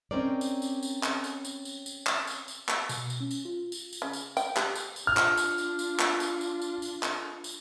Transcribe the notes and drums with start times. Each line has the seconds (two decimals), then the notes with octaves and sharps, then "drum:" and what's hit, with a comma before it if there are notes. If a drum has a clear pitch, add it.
0.11 C4 C#4 D#4 A#4 C5 D5
0.41 drum: tambourine
0.62 drum: tambourine
0.83 drum: tambourine
1.03 drum: clap
1.24 drum: tambourine
1.45 drum: tambourine
1.65 drum: tambourine
1.86 drum: tambourine
2.07 drum: clap
2.27 drum: tambourine
2.48 drum: tambourine
2.69 drum: clap
2.89 B2, drum: tambourine
3.10 drum: tambourine
3.20 C#4
3.31 drum: tambourine
3.45 F4
3.72 drum: tambourine
3.93 drum: tambourine
4.02 C#3
4.13 drum: tambourine
4.37 G5, drum: tambourine
4.57 G4, drum: clap
4.75 drum: tambourine
4.96 drum: tambourine
5.07 D4 F4 F6
5.17 drum: clap
5.37 drum: tambourine
5.58 drum: tambourine
5.79 drum: tambourine
5.99 drum: clap
6.20 drum: tambourine
6.41 drum: tambourine
6.62 drum: tambourine
6.82 drum: tambourine
7.03 drum: clap
7.44 drum: tambourine